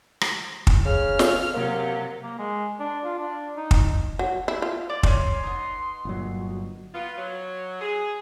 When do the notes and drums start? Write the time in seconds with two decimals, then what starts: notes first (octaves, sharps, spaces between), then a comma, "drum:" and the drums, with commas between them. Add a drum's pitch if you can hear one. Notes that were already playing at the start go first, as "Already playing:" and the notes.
0.21 drum: rim click
0.67 drum: kick
0.85 C#3 F6
1.19 drum: snare
1.54 C3 F#3 A#3
2.23 A#3
2.39 G#3
2.79 D4
3.04 F4
3.19 D4
3.57 D#4
3.71 drum: kick
4.19 F#3
4.48 E4
4.62 F4
4.90 D5
5.03 A3 C#4 C6, drum: kick
5.44 B3 D#4
6.05 G1 A#2 F#3
6.36 F#4
6.94 B3 F4
7.18 F#3
7.80 G#4